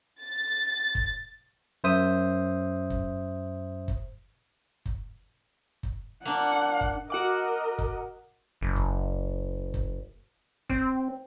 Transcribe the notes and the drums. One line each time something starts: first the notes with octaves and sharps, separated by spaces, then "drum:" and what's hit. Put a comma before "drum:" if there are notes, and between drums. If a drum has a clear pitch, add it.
A6
drum: kick F#1
F#2 C5 E5 D#6
drum: kick F#1
drum: kick F#1
drum: kick F#1
drum: kick F#1
A#3 D4 F#5
drum: kick F#1
F#4 A#4 D#5 F#5 D6
drum: kick F#1
F#1
drum: kick F#1
drum: kick F#1
C4, drum: kick F#1